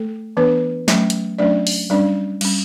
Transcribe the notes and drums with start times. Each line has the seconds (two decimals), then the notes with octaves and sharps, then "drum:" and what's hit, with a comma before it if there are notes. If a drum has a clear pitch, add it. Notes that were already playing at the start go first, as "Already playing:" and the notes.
Already playing: A3 A4
0.37 E3 B3 D4 B4
0.88 F#3 A3 C#4, drum: snare
1.10 drum: hi-hat
1.39 F#3 A3 C#4 D4 D5
1.67 drum: open hi-hat
1.90 G3 C#4 D4 D5
2.41 G3 C#4, drum: cymbal